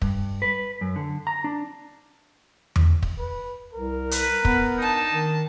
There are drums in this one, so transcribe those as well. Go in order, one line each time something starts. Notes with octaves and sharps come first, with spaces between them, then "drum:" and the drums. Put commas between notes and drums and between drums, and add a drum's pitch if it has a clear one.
G2, drum: kick
B4
F#2
D3
A#5
D4
drum: tom E2
drum: kick
B4
C2 A#4
B4, drum: hi-hat
B3, drum: kick
D4 D#4 A5
D#3